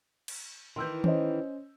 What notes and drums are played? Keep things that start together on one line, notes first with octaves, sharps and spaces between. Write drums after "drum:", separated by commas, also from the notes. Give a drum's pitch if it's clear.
drum: cymbal
D#3 E3 C6 E6 G6
C#4 C5 D#5, drum: tom D#3